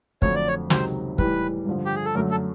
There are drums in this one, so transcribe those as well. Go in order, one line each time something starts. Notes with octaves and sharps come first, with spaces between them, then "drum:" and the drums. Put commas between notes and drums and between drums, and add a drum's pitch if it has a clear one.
F2 D3 F#3 A3 C#5, drum: kick
D5
C#5
C#2 C3 D#3 F#3 C5, drum: snare
A2 E3 G3 B4, drum: kick
G2 D3 F3
G4
G#4
A4
F#2 D3 F#3 A3 A#4
A4